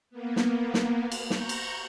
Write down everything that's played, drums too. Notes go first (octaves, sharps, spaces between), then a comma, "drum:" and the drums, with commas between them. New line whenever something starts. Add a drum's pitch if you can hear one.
A#3 B3
drum: snare
drum: snare
drum: cymbal
A#5 C#6 G6, drum: snare
drum: cymbal